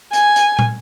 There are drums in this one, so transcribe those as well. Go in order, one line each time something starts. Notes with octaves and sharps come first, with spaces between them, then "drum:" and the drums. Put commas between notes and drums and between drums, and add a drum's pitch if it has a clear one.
G#5, drum: hi-hat
drum: hi-hat
drum: tom